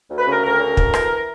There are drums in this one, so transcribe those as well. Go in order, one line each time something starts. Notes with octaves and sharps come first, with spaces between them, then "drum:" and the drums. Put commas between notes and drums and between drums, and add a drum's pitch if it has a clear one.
D2
B4
C#3 A#4
D2 A#4
C#3
D2, drum: kick
E3, drum: rim click